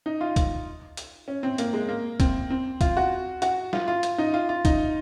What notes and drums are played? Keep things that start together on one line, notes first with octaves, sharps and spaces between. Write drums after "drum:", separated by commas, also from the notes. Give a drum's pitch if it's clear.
D#4
F4
drum: kick, hi-hat
drum: hi-hat
C#4
C4
A#3, drum: hi-hat
G#3
A#3
C4, drum: kick, hi-hat
C4
F4, drum: kick, hi-hat
F#4
F#4, drum: hi-hat
F4, drum: snare
F4
drum: hi-hat
D#4
F4
F4
D#4, drum: kick, hi-hat